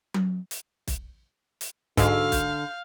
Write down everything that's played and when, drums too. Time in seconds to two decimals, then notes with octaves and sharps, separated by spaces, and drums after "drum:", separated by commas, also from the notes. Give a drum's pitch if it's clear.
0.14 drum: tom F#3
0.51 drum: hi-hat
0.88 drum: kick, hi-hat
1.61 drum: hi-hat
1.97 G#2 D3 F#4 A4 F5 E6, drum: kick, hi-hat
2.32 G6, drum: kick, hi-hat